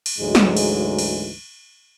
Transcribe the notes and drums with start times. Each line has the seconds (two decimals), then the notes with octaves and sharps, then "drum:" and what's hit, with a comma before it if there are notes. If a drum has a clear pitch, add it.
0.06 drum: cymbal
0.19 D2 G#2 E3 F#3 G#3
0.35 drum: snare
0.57 drum: cymbal
0.99 drum: cymbal